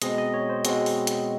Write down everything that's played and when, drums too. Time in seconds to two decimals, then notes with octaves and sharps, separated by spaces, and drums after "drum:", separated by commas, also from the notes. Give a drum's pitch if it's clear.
0.02 B2 G#3 C4 D#5, drum: hi-hat
0.18 D#5
0.34 C#5
0.49 C5
0.65 B2 G#3 C4 F#4, drum: hi-hat
0.86 drum: open hi-hat
1.07 drum: hi-hat